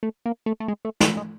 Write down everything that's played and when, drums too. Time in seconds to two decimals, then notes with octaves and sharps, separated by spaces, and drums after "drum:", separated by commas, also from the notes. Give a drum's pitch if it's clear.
0.03 A3
0.26 A#3
0.46 A3
0.60 A3
0.68 G#3
0.85 A3
1.00 G#3, drum: snare
1.17 G#3